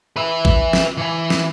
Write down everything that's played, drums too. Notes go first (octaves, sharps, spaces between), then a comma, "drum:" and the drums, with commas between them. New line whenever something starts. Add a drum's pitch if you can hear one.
B4 E5
drum: kick A1
drum: snare
E3 G#5
drum: snare